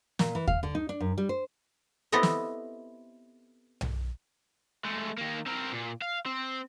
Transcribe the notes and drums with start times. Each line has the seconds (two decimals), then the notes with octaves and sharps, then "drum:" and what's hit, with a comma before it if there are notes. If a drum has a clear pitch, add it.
0.19 A#2, drum: snare
0.35 E3
0.47 F5, drum: kick D#2
0.63 D3
0.75 D#4
0.89 D4
1.00 F#2
1.18 G3
1.29 C5
2.12 B3 C4 E4 G4 A4 D#5
2.23 drum: snare
3.81 drum: tom B1
4.84 G#3 A3
5.17 D#3 A#3
5.46 C4 A#4
5.72 A#2
6.02 F5
6.26 C4